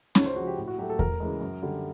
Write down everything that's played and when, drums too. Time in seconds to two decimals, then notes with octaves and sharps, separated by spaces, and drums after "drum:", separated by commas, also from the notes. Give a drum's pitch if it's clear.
0.15 C#2 C#5, drum: snare C#4
0.26 C5
0.36 C#3 F3 F#4
0.47 G4
0.57 A2
0.67 F#4
0.78 F#3 A3 G4
0.89 A4
0.99 D2 A#4, drum: kick E2
1.20 C#3 E3 G#3
1.41 F#2
1.62 D3 G3